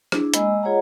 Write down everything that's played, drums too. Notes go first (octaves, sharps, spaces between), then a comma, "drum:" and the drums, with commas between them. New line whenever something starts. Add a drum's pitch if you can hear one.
D4 E4 G#4, drum: rim click
G#3 A#3 D#5 G#5 B5 E6, drum: hi-hat
F4 G#4 C#5 D#5 F#5 A#5